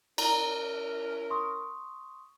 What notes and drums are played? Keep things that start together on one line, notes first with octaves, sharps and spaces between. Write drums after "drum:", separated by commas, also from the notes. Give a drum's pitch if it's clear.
C#4 E4 A#4 D5 A#5, drum: cymbal
C6 C#6 D#6